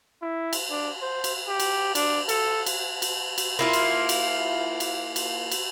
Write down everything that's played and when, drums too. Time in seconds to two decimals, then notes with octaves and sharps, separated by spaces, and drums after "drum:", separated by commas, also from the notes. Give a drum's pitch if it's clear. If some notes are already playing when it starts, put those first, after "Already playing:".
0.22 E4
0.53 drum: cymbal
0.70 D4
1.01 C5
1.24 drum: cymbal
1.48 G4
1.60 drum: cymbal
1.95 D4, drum: cymbal
2.29 A4, drum: cymbal
2.66 drum: cymbal
3.02 drum: cymbal
3.38 drum: cymbal
3.59 A#3 E4 F4
3.73 drum: cymbal
4.09 drum: cymbal
4.80 drum: cymbal
5.16 drum: cymbal
5.51 drum: cymbal